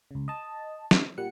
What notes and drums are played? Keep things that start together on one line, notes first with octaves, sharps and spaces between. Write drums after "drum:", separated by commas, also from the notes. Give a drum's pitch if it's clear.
C#2 C#3
D#5 A5
drum: snare
A#2 G3 F#5 C#7